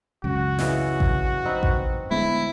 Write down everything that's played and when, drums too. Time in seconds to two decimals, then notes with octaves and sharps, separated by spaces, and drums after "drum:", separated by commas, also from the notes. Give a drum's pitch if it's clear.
0.24 C#2 F#2 F#4
0.59 C#3 E3 D#5, drum: snare
1.00 drum: kick A1
1.45 C4 D#4 B4
1.63 drum: kick A1
2.11 D2 G#3 B3 E4